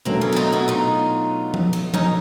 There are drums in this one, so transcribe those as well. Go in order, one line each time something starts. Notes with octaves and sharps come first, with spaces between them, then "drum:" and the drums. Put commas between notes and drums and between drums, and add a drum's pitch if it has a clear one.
B2 F#3 A3 A#3 C4 D4
B3 C#4
E4, drum: cymbal
D#4 F4
E4 F#4
D#4 F4
drum: tom F3
drum: cymbal
C#4 D#4, drum: tom F3